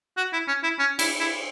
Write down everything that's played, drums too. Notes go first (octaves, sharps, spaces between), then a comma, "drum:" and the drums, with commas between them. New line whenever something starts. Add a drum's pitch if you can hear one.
F#4
E4
C#4
E4
C#4
E4, drum: cymbal
E4